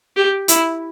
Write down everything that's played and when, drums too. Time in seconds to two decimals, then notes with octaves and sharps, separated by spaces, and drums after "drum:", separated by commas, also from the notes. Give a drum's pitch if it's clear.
0.17 G4
0.48 E4, drum: hi-hat